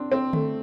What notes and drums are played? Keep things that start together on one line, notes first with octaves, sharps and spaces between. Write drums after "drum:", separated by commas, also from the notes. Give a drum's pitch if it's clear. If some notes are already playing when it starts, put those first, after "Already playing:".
Already playing: C4 D4
C4
A3, drum: tom D3